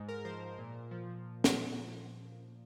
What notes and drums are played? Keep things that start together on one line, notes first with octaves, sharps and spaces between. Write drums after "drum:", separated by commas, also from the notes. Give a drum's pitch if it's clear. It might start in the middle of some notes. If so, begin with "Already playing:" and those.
Already playing: G#2
A#4
F3 C5
A#2
F3
drum: snare